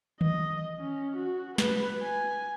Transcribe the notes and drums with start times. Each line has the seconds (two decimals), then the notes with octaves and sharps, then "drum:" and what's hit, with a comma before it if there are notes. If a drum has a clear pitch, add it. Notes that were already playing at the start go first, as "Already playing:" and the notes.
0.21 D#5, drum: tom D#3
0.80 C#4
1.16 F#4
1.58 B4, drum: snare
2.02 G#5